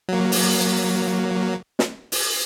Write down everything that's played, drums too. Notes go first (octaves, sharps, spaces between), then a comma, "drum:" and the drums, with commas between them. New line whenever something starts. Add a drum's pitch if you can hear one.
F#3 A#3
drum: open hi-hat
drum: snare
drum: open hi-hat